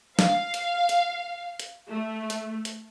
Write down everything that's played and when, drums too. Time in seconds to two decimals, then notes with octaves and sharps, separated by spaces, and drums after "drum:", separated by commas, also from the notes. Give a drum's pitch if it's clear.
0.19 F5, drum: snare
0.54 drum: hi-hat
0.89 drum: hi-hat
1.60 drum: hi-hat
1.90 A3
2.30 drum: hi-hat
2.65 drum: hi-hat